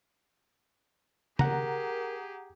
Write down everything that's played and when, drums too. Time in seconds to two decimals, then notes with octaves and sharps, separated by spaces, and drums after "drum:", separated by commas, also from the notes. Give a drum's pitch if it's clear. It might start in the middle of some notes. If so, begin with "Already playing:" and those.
1.39 G4 G#4 A#4 F#5 A#5, drum: tom